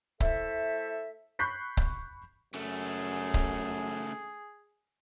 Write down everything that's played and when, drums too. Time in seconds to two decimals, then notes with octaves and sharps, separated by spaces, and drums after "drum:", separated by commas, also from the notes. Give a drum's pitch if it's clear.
0.20 A3 E4 A4 C5 E5, drum: kick C#1
1.39 B5 C#6 F#6 G6 B6 C7
1.77 drum: kick C#1
2.54 F#2 C#3 A3 G#4
3.34 drum: kick C#1